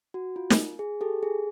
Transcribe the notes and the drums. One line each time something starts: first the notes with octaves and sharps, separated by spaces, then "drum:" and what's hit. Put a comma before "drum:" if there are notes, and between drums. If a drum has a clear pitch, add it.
F#4
F4
drum: snare
G#4
G4 A4
G#4